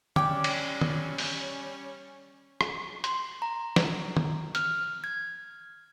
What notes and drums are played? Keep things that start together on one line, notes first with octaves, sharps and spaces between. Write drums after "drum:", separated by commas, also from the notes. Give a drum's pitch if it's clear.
G3 C#4 D4 G5 D6, drum: tom D3
drum: cymbal
drum: tom
drum: open hi-hat
drum: rim click
C6, drum: hi-hat
A#5
drum: snare
drum: tom
F6, drum: hi-hat
G#6